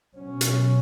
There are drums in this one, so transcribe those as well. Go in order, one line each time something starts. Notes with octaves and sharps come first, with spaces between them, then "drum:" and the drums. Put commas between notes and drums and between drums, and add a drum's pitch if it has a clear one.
B2 F#3 C#4
drum: hi-hat